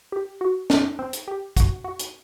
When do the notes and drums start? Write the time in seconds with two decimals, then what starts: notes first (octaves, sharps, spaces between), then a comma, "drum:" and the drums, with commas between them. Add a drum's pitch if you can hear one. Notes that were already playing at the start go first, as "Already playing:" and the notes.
0.12 G4
0.41 F#4
0.70 D#4, drum: snare
0.99 C4
1.13 drum: hi-hat
1.28 G4
1.57 F#4, drum: kick, hi-hat
1.84 F#4
1.99 drum: hi-hat